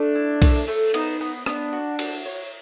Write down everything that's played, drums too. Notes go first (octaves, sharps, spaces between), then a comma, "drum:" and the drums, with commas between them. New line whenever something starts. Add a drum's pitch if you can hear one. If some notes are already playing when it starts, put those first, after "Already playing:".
Already playing: A3 D4
E4
A3, drum: kick B1, cymbal
A3
B3 D#4, drum: cymbal
B3
B3 D4, drum: rim click
F#4
F#4, drum: cymbal
C#5